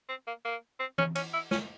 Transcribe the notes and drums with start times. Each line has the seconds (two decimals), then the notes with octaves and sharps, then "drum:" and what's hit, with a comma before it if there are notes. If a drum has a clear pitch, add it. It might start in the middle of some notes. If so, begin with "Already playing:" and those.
0.09 C4
0.27 A#3
0.45 A#3
0.80 C4
0.98 C#4, drum: tom E3
1.15 C#4, drum: cymbal
1.33 E4
1.51 C#4, drum: snare